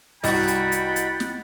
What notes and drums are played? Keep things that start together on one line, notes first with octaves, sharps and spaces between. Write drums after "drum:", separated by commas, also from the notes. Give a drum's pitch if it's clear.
C2 F#4 D#5 F#5 G5 B5 A6, drum: open hi-hat
drum: hi-hat
drum: hi-hat
drum: hi-hat
drum: snare